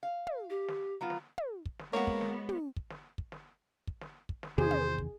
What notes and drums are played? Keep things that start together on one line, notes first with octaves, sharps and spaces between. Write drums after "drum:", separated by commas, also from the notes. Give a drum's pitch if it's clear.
F5
drum: tom
G4
drum: snare
F#3 B3 F4
drum: snare
drum: tom
drum: kick
drum: snare
G#3 A#3 B3 F#4 C#5
drum: kick
drum: snare
drum: tom
drum: kick
drum: snare
drum: kick
drum: snare
drum: kick
drum: snare
drum: kick
drum: snare
E2 C3 D#3 G#4 C5, drum: tom
drum: tom
drum: kick